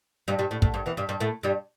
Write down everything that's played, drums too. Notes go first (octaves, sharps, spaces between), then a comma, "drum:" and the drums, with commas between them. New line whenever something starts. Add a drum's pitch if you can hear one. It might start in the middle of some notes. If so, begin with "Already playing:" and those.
G2 G3
G2 G3
A2
A2, drum: kick
G2
E2 E3
G2 G3
G2 G3
A2 A3
G2 G3